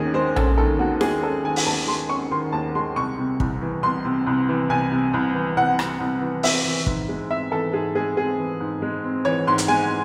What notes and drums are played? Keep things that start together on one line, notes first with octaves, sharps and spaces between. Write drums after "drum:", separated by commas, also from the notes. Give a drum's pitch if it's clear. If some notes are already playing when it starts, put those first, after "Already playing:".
Already playing: D#2 D#3 C#4 G#4
G#3 C5
C#4 A4, drum: tom A#1
D#3 A4
D#2 F#4
G#3 G#4, drum: snare E4
C#4 A4
D#3 G#5
drum: open hi-hat
D#2 A5
G#3 C6
C#4 C#6
D#3 C6
D#2 A5
G#3 C6
C2 C#6
C3
C2, drum: kick
E3
C2 C6
C3
C2
E3
C2 G#5
C3
C2
E3
C2 F#5
C3, drum: rim click
C2
E3
C4 E5, drum: open hi-hat
E3
G#2, drum: kick
G#3
C4 E5
E3 A4
G#2 G#4
G#3 G#4
C4 G#4
E3
G#2
G#3
C4
E3 C#5
G#2 C6
drum: hi-hat
G#3 G#5